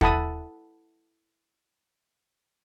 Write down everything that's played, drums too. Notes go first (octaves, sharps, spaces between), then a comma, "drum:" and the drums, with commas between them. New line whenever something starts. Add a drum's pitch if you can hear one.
E4 A4 F#5 A5 B5 D#6, drum: kick